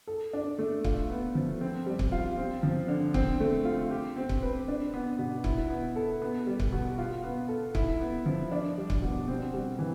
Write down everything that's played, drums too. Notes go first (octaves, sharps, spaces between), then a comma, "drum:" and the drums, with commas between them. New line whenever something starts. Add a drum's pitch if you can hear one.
A4
D4
A3
F4, drum: kick C#1
B3
F3
C4
G3
drum: kick C#1
F4
C4
F3
D3
C4, drum: kick C#1
A3
F4
G4
C4
drum: kick C#1
B4
D4
B3
B2
E4, drum: kick C#1
B3
A4
B3
G3
drum: kick C#1
B2
F4
B3
A4
E4, drum: kick C#1
B3
F3
D4
G3
drum: kick C#1
B2
C4
G3
E3